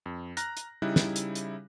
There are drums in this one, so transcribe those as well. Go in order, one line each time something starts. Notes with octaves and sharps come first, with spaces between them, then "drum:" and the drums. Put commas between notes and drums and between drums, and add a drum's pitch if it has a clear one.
F2
A#5 F6 F#6 A#6, drum: hi-hat
drum: hi-hat
C#3 G3 D#4 E4 F#6
drum: snare
drum: hi-hat
drum: hi-hat